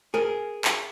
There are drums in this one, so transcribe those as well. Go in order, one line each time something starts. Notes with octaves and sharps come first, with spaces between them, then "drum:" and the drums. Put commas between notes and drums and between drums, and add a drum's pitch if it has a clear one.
G#4 A#4
drum: clap